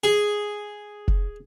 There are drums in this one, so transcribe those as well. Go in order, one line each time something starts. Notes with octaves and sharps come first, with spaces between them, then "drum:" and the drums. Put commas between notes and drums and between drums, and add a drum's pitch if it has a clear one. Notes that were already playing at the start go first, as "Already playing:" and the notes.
G#4
drum: kick F1